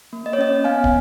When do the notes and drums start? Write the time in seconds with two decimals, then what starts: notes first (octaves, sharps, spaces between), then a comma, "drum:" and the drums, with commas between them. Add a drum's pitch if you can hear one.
0.13 A#3
0.26 D#5
0.33 C#5
0.38 C#4 D#5
0.64 B3 F5 G#5
0.84 drum: kick